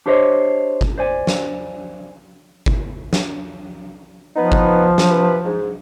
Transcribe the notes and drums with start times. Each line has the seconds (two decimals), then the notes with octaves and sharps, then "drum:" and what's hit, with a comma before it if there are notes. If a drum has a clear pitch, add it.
0.06 D4 G4 G#4 C5 C#5 D#5
0.81 drum: kick G1
0.98 C5 D5 G#5
1.27 drum: snare
2.66 drum: kick G1
3.13 drum: snare
4.36 F3 B3 D#4 B4
4.52 drum: kick G1
4.98 drum: snare
5.09 C3 B4
5.44 G#2